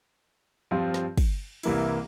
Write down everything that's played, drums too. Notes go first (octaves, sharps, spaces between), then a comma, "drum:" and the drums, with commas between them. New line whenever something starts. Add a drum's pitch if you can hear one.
G2 F3 C4 F4
drum: snare
drum: kick, cymbal
C2 C3 E3 A#3 E4, drum: cymbal